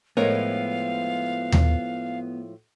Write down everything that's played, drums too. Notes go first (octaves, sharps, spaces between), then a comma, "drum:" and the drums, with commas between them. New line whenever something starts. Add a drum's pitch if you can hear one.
A2 F3 G#3 B3 A#4 C#5 F5
drum: tom D#2